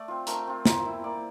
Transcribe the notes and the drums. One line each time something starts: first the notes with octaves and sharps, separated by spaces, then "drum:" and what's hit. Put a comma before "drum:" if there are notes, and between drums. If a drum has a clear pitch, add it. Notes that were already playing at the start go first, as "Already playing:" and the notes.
Already playing: A3 D5
C4 F4
A3 A#4, drum: hi-hat
C4 F4
A#3 C5, drum: snare
E4
A#3 D5